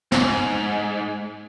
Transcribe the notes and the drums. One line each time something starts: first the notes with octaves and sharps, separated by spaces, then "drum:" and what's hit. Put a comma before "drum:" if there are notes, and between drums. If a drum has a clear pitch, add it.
G#2, drum: snare